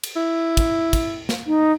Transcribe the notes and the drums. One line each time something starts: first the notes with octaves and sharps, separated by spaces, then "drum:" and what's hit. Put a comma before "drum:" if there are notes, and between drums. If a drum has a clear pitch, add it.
drum: cymbal
E4
drum: kick, cymbal
drum: kick, cymbal
drum: snare
D#4